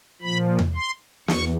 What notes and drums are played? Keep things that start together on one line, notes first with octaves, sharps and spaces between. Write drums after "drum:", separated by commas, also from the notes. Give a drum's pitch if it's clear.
A#2 F3 B5
drum: tom E2
C6
E2 C#6, drum: snare